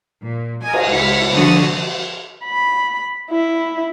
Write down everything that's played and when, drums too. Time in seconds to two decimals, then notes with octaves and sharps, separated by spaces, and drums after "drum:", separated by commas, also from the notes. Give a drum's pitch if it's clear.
0.22 A#2
0.63 A#4 D#5 G#5
0.73 drum: cymbal
0.91 C#2 E4 C#7
1.33 C2 D3 F3 F#4 D#6
2.44 B5
3.31 E4